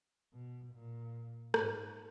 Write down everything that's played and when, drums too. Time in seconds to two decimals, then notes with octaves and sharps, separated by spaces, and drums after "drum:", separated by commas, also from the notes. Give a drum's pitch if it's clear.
0.34 B2
0.74 A#2
1.54 G#2, drum: rim click